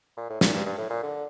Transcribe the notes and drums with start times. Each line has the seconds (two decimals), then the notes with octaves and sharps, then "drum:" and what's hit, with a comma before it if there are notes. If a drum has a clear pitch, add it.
0.17 A#2
0.30 A2
0.41 A#2, drum: snare
0.53 G2
0.66 G2
0.78 A2
0.90 A#2
1.03 D3